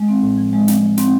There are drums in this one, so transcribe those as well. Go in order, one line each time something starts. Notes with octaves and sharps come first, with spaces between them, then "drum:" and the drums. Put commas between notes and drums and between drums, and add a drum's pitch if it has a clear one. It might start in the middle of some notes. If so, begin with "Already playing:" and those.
Already playing: G#3
C4
A2
F3
G#3
F3, drum: snare
F3
C4, drum: snare